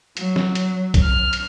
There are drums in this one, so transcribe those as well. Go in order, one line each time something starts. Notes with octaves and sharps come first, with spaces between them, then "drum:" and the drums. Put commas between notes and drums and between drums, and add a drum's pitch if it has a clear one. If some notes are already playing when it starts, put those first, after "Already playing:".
F#3, drum: hi-hat
drum: snare
drum: hi-hat
drum: kick B1, hi-hat
F6
drum: hi-hat